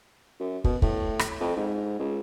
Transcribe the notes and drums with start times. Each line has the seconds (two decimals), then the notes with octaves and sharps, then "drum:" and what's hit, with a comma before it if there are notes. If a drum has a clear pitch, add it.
0.40 F#2
0.64 B2, drum: kick
0.82 A2, drum: kick
1.19 drum: rim click
1.40 F2
1.56 G#2
1.99 C#2